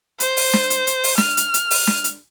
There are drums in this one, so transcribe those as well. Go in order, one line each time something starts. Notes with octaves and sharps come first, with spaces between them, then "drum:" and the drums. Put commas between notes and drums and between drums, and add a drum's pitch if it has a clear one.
C5, drum: hi-hat
drum: open hi-hat
drum: snare
drum: hi-hat
drum: hi-hat
drum: open hi-hat
F6, drum: snare
drum: hi-hat
drum: hi-hat
drum: open hi-hat
drum: snare
drum: hi-hat